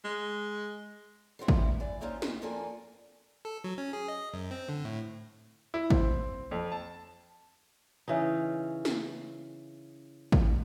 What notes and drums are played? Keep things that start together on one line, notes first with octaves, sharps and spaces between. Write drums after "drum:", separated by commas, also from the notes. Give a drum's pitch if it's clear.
G#3
G3 B3 C4 E4
drum: kick
E3 D5
F3 A#3 C4 C#4 D#4 F4
D2 G2 D#5, drum: snare
F2 F3 A#3 A4 D5 G#5
A4
F#3
C#4
G#4
D#5
F#2
C4
D3
A2
E4
C4, drum: kick
F2
A5
C#3 E3 C#4 D#4
drum: snare
drum: kick